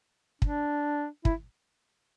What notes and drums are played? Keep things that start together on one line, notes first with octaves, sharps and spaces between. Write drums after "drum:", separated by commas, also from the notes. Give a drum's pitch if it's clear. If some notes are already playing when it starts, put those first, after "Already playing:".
D4, drum: kick
E4, drum: kick